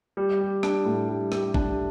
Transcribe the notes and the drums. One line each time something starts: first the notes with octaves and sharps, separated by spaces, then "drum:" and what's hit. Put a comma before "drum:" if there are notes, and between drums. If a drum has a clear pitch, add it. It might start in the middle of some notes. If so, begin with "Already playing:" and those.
G3
G4
D4, drum: rim click
A2
G3
G4, drum: rim click
D4, drum: kick G1